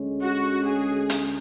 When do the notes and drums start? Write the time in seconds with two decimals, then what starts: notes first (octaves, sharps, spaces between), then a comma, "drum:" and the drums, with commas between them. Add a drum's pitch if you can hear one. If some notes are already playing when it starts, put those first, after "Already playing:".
Already playing: D2 D3 G#3 C#4
0.22 F#4
0.66 G#4
1.10 drum: hi-hat